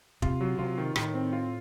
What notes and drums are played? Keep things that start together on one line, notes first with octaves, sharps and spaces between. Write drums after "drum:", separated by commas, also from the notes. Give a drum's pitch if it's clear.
C3 F4, drum: kick
F#3
C3 F4
D#3
A2 D#3, drum: rim click
C4
F4